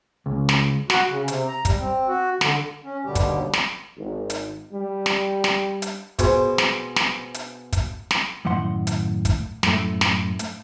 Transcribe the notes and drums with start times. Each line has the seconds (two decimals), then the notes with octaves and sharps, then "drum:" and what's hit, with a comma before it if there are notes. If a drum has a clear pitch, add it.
0.26 C#2
0.49 drum: snare
0.90 F#4, drum: snare
1.10 C#3
1.28 C3, drum: hi-hat
1.47 A#5
1.65 G3, drum: kick, hi-hat
1.80 C4
2.07 F#4
2.41 D3, drum: snare
2.84 C#4
3.05 D#2 B2 D3 G3 G4
3.15 drum: kick, hi-hat
3.53 drum: snare
3.97 G#1
4.30 drum: hi-hat
4.72 G3
5.06 drum: snare
5.44 drum: snare
5.82 drum: hi-hat
6.19 B2 G#4 C5, drum: kick, hi-hat
6.58 drum: snare
6.96 drum: snare
7.34 drum: hi-hat
7.73 drum: kick, hi-hat
8.11 drum: snare
8.45 F#2 A2 D#3 F#5 C6
8.87 drum: hi-hat
9.25 drum: kick, hi-hat
9.63 F#2 A2 A3, drum: snare
10.01 drum: snare
10.39 drum: hi-hat